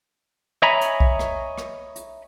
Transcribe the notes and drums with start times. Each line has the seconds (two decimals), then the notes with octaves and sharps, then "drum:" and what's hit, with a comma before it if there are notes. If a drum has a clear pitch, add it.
0.62 C#5 D#5 E5 G#5 A#5 B5
0.81 drum: hi-hat
1.00 drum: kick B1
1.19 drum: rim click
1.58 drum: rim click
1.96 drum: hi-hat